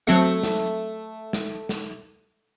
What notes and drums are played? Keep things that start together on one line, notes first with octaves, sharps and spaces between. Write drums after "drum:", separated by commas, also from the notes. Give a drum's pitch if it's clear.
F#3 A3 C4 C#7
drum: snare
drum: snare
drum: snare